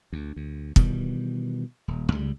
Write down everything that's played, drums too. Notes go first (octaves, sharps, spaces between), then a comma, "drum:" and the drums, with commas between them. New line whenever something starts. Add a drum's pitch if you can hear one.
D2
D2
B2 D#3 E3 G3, drum: kick
D#1
C#2 C#3 F3 G3